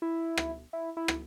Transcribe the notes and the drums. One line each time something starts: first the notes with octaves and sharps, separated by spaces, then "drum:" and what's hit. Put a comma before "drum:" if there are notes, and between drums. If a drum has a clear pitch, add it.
E4
drum: rim click
E4
E4
drum: rim click